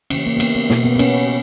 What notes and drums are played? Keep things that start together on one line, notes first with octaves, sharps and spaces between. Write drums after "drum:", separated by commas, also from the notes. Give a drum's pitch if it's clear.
C#3 E3 A#3 C#4, drum: cymbal
A#3
B3
A#3, drum: cymbal
B3
B2 A#3, drum: snare
B3
B3
C#4, drum: cymbal